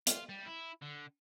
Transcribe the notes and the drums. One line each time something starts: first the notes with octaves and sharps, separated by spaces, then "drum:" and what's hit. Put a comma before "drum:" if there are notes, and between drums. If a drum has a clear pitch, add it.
F4, drum: hi-hat
G3
E4
D3